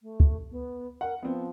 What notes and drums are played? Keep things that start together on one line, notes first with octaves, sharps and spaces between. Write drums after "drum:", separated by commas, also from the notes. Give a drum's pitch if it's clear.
A3
drum: kick
B3
A#4 F#5
F3 B3 C4